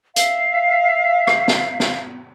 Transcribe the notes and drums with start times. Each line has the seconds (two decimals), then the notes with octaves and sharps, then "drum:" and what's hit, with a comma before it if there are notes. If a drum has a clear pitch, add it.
0.16 E5 F5, drum: hi-hat
1.27 drum: rim click
1.48 drum: snare
1.80 drum: snare